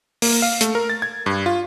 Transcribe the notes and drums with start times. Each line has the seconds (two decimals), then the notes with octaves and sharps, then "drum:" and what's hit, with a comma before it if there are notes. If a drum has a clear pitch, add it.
0.22 A#3, drum: open hi-hat
0.42 F5
0.61 A3, drum: hi-hat
0.75 A#4
0.90 A6
1.02 G#6
1.26 G2
1.46 F4